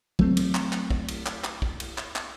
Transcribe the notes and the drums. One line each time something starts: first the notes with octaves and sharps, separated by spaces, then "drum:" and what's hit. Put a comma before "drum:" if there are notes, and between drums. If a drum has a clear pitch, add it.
F#3 A3 C4, drum: kick
drum: cymbal
drum: clap
drum: clap
drum: kick
drum: cymbal
drum: clap
drum: clap
drum: kick
drum: cymbal
drum: clap
drum: clap